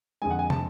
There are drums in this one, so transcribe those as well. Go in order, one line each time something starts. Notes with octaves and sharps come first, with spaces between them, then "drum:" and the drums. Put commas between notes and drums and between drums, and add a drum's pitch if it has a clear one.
F2 D3 G#3 G#5
F#5
G#5
A5, drum: tom